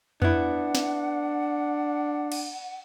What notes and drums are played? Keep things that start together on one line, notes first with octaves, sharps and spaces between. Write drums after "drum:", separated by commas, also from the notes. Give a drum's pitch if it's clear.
B3 D4 E4 F#5, drum: tom F2
drum: snare
drum: cymbal